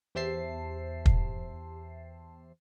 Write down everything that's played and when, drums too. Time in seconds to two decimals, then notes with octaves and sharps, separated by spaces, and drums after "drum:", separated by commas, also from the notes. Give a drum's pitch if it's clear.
0.15 E2 G4 C5 E5 A5 C7
1.06 drum: kick